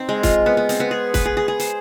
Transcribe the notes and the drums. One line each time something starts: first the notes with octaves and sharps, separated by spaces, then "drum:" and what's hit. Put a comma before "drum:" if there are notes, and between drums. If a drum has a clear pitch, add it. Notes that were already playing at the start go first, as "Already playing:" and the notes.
Already playing: C4 D#4
G#3
F4, drum: kick, hi-hat
B3
B3
C4, drum: hi-hat
B3
G#4
B4, drum: kick, hi-hat
G#4
G#4
G#4
C5, drum: hi-hat